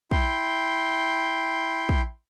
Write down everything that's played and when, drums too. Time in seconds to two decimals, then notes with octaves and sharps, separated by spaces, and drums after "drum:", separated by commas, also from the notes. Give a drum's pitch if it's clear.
0.11 E4 G5 C6, drum: kick
1.89 drum: kick